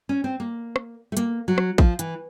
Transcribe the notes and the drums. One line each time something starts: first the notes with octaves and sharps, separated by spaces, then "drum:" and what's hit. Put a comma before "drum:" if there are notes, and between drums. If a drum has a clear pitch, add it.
C#4
C4
A#3
drum: rim click
A3
A#3, drum: hi-hat
F#3
drum: rim click
F3, drum: kick
E3, drum: hi-hat